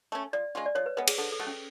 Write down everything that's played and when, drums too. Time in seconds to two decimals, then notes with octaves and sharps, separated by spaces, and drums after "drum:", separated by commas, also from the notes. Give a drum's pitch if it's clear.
0.12 A3 C#4
0.33 F3 D5
0.55 G#3 C#4 F4
0.66 D5
0.75 F3 C#5
0.86 B4
0.97 G#3 B3 B4
1.08 G#4, drum: cymbal
1.18 D3 A4
1.32 A4
1.39 F#3 A3
1.47 C#4